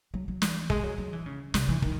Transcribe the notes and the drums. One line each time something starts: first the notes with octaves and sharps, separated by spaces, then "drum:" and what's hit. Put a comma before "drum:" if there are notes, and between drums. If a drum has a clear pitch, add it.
F#3
F#3
E3, drum: snare
G#3, drum: kick
F#3
F#3
E3
C#3
C3, drum: snare
E3
D#3, drum: kick